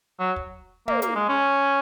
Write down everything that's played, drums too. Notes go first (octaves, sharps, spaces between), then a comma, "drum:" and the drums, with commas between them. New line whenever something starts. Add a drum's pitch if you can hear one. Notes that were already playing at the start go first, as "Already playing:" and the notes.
F#3
drum: kick
A#3, drum: tom
A#3, drum: hi-hat
G#3
C#4